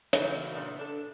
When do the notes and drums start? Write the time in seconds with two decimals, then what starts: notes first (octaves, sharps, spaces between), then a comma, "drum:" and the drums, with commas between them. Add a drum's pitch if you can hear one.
0.13 C#3 E3 F#3 A3 A#3 D#4, drum: hi-hat
0.53 A#2 C#3 B3 D4
0.79 D4 A4